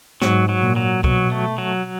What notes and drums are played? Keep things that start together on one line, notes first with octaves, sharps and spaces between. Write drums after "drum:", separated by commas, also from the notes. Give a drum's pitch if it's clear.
G#2 F#3, drum: snare
F#3
A#2
F#3
B2 F#3, drum: kick
A3
F#3